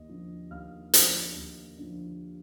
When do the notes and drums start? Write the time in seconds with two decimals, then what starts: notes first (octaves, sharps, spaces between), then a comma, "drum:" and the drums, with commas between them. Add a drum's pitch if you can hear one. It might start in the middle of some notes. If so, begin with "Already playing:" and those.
Already playing: D#2 D#5
0.09 D3 F3
0.50 D#2 F5 F6
0.94 D3 F3, drum: hi-hat
1.36 D#2
1.78 D3 F3